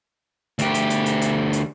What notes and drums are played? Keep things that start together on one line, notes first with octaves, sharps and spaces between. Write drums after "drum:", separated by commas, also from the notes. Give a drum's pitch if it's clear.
D2 G4, drum: hi-hat
drum: hi-hat
drum: hi-hat
drum: hi-hat
drum: hi-hat
drum: hi-hat